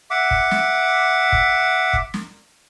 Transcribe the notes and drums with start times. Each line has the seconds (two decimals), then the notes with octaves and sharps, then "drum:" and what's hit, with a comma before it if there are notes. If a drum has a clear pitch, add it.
0.11 E5 F#5 D6
0.31 drum: kick
0.51 drum: snare
1.32 drum: kick
1.93 drum: kick
2.14 drum: snare